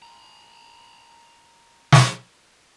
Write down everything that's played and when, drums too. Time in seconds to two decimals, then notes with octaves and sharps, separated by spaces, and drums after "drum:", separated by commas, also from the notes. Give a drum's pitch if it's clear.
0.02 A#5 B5
1.92 drum: snare